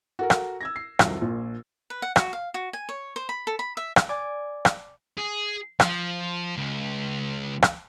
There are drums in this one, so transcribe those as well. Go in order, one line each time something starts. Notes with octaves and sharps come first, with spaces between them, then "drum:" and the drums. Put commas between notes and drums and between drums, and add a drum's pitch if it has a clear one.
F#4 A4 A#4
drum: rim click
E6 G#6 A#6
C7
C2 F2 D#3 F#3, drum: rim click
A#1 A#2
B4
F#5
F#4, drum: rim click
F5
F#4
G#5
C#5
C5
B5
A4
B5
E5
drum: rim click
D5 G#5 D6
drum: rim click
G#4
F3, drum: rim click
C#2
drum: rim click